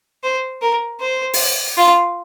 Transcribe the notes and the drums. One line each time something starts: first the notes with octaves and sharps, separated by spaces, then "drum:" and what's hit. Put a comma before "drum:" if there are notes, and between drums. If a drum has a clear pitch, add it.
C5
A#4
C5
drum: open hi-hat
F4